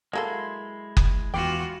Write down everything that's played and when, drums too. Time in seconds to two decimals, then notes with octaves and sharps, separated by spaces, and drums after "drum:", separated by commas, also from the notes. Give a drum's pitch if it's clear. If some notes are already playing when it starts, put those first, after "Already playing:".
0.13 F#3 G#3 A#3 E4 A4 C6
0.97 drum: kick F#1
1.34 E2 E3 F4 F#4 G5 D6